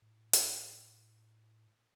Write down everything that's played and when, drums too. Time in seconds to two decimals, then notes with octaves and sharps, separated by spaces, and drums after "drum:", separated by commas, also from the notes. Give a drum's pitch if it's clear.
0.02 A2
0.33 drum: hi-hat